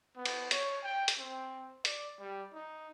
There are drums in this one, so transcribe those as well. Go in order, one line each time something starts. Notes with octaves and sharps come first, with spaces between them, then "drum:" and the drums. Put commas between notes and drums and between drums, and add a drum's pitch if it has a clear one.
B3
drum: cymbal
C#5, drum: hi-hat
G5
drum: hi-hat
C4
D5, drum: hi-hat
G3
D#4